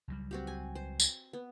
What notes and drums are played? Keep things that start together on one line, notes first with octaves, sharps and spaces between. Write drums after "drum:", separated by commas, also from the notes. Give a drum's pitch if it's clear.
C#2 F#3 G3
C4 F#4 G4
G#5
C5
drum: tambourine
B3